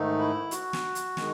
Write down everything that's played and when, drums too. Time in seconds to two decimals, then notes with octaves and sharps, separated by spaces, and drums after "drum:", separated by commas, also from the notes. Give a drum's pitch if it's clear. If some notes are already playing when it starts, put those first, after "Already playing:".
Already playing: G#2 D#3 A3 D#4
0.19 E4
0.51 F#4, drum: hi-hat
0.73 drum: snare
0.95 drum: hi-hat
1.17 D#3 G#3, drum: snare